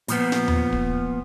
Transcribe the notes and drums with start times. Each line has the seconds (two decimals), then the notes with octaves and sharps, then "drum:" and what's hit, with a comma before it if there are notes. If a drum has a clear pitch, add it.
0.08 A#2 F3 B3, drum: hi-hat
0.32 drum: snare
0.48 drum: tom D#2
0.72 drum: kick